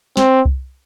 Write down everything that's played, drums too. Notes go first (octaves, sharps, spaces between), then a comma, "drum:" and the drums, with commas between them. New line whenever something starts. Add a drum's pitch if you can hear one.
C4, drum: snare
drum: kick C2